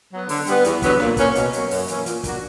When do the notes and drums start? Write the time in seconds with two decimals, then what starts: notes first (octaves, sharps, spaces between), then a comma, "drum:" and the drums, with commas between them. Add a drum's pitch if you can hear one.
0.11 F#3 B3
0.29 D3, drum: open hi-hat
0.46 G3 B3, drum: hi-hat
0.64 E2, drum: hi-hat
0.82 D3 F#3 B3, drum: kick, hi-hat
1.00 A#2, drum: snare
1.17 A#3 C#4, drum: kick, hi-hat
1.35 B2, drum: hi-hat
1.53 F#3 A#3 C#4, drum: hi-hat
1.71 F#2, drum: open hi-hat
1.88 E3 A#3 C#4, drum: hi-hat
2.06 A#2, drum: hi-hat
2.24 A#3 D4 F#4, drum: kick, hi-hat